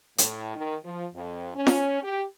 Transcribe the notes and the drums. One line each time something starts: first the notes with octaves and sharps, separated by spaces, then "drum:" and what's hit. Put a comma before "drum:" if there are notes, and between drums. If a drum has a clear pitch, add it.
A2, drum: hi-hat
D#3
F3
F2
C#4
drum: snare F4
G4